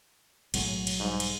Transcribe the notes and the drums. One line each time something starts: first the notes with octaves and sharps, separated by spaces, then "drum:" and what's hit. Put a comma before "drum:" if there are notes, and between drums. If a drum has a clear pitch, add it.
B1 A2 F#3 G#3, drum: cymbal
drum: cymbal
G#2 G3
drum: cymbal